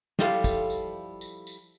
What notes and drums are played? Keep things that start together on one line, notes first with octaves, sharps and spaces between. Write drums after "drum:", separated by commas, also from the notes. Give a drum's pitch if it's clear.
F3 G3 E4 A4 F5, drum: snare
drum: kick, tambourine
drum: tambourine
drum: tambourine
drum: tambourine